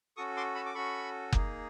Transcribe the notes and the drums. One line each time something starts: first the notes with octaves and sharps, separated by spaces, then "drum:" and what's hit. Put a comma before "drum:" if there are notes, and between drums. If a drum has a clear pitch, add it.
C#4 F#4 A4 C#6 D#6
C6 D6
A5 B5
D6
C#4 F#4 A4 B5 C#6
A#3 D#4 G#4, drum: kick F#1